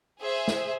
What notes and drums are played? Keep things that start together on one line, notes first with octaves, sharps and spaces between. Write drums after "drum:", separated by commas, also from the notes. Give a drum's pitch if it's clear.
G#4 C5 E5
drum: snare